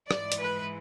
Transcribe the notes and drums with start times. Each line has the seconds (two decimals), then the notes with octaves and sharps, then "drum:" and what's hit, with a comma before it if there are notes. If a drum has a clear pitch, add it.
0.11 G#2 E3 G#3 D5, drum: rim click
0.32 drum: hi-hat
0.42 B4